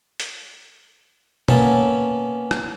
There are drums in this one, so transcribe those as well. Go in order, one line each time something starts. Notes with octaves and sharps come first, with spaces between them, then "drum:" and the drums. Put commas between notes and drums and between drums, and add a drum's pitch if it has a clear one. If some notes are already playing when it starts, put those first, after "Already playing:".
drum: hi-hat
A#3 B3 C#4 C#5 E5 A5, drum: tom B2
drum: rim click